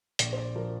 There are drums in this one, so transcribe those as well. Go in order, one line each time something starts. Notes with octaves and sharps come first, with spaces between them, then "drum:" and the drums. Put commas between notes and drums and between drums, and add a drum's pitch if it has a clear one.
A#1 D5, drum: hi-hat
C5
D5
F3 A#4